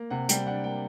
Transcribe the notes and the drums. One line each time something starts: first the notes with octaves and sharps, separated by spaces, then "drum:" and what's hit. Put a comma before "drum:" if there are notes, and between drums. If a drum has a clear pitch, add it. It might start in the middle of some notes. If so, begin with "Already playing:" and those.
Already playing: A#3
C3 F#5
G3 G5, drum: hi-hat
D4 F#5
A#3 G5